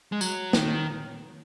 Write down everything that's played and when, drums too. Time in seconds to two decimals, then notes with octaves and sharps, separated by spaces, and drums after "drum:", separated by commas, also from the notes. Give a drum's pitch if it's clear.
0.12 G#3
0.21 F#3, drum: tambourine
0.53 D#3, drum: snare